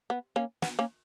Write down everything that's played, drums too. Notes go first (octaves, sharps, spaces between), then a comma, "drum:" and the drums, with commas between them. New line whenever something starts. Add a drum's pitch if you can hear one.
B3
A#3 C#4
B3, drum: snare
A#3 C#4